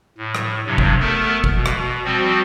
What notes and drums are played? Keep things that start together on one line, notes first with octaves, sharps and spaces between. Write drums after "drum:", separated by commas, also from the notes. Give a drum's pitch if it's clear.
A2
drum: rim click
G2 C3 F#3
drum: kick G1
A3 B3 A4 A#4
drum: kick G1
B2
drum: rim click
F3 G3 C4 F#4